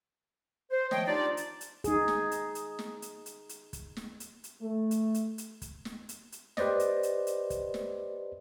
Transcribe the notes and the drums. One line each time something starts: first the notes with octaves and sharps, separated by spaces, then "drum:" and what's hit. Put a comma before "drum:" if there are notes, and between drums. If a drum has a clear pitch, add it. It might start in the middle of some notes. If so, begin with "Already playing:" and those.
C5
D#3 F3 A3 C#5 D#5 G5, drum: snare
D4 D#4 F4 G4 D5
drum: hi-hat
drum: hi-hat
D#4 G#4, drum: kick, hi-hat
drum: snare
drum: hi-hat
drum: hi-hat
drum: snare
drum: hi-hat
drum: hi-hat
drum: hi-hat
drum: kick, hi-hat
drum: snare
drum: hi-hat
drum: hi-hat
A3
drum: hi-hat
drum: hi-hat
drum: hi-hat
drum: kick, hi-hat
drum: snare
drum: hi-hat
drum: hi-hat
G4 B4 C5 D5 D#5, drum: snare
drum: hi-hat
drum: hi-hat
drum: hi-hat
drum: kick, hi-hat
drum: snare